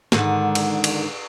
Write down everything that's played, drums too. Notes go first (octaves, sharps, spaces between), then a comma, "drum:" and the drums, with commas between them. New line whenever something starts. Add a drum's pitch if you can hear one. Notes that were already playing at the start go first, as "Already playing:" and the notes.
G#2 D3 D#3, drum: snare
drum: cymbal
drum: cymbal